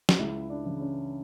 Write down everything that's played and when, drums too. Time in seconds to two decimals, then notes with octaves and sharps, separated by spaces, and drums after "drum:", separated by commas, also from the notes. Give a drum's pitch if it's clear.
0.09 drum: snare
0.19 C#2 E4
0.50 D4
0.65 C#3 E3
0.81 C#4